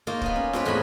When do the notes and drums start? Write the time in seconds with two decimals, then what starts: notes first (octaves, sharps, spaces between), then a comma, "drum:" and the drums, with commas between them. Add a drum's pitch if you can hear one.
0.07 A#3 D#4 F4 C#5 A5 A#5
0.21 B3 D#5 A#5, drum: kick
0.36 C#4
0.53 C4 D4 B4 C#5, drum: snare F4
0.65 E2 A2 A#3 B3 D#5 B5